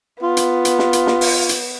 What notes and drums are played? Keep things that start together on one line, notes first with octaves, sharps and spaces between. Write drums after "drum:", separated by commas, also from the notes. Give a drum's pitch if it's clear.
B3 F4
drum: hi-hat
drum: hi-hat
drum: snare
drum: hi-hat
drum: snare
drum: open hi-hat
drum: hi-hat